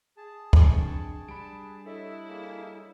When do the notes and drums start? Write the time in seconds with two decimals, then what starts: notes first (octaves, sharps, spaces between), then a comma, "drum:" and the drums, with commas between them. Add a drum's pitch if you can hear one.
0.17 G#4 A5
0.53 drum: kick
0.63 C3 D4 G5 C#6
1.28 G3 D4 B5 D7
1.86 E4 A4 C#5 D#5 E5
2.29 A#3 G#4